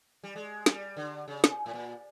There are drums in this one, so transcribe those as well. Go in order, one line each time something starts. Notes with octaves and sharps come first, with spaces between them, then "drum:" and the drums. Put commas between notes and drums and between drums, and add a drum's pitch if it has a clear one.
G3
G#3
G3, drum: snare
D3
C#3
drum: snare
A2
A#2